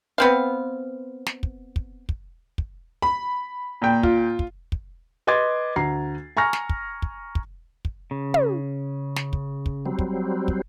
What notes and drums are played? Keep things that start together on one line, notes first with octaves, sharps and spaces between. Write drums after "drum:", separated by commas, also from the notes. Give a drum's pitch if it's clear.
B3 C4 F5
drum: snare
drum: kick
drum: kick
drum: kick
drum: kick
B5
A#2 G5
F4, drum: kick
drum: kick
drum: kick
B4 D#5 C6 D6 G#6 A6
D2 A#5 C7
G#5 A#5 C#6 F6 A#6
drum: snare
drum: kick
drum: kick
drum: kick
drum: kick
C#3
drum: tom
drum: snare
drum: kick
drum: kick
F#3 G3 C4
drum: kick
drum: kick